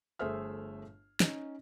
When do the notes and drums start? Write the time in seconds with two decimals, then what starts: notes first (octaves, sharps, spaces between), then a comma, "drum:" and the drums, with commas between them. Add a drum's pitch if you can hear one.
0.19 G1 A3 G#4 C5 E5 F6
1.20 C#4 D#4, drum: snare